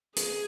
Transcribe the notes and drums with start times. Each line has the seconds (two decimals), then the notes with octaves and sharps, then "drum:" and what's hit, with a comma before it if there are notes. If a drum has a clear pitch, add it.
0.16 G#4, drum: hi-hat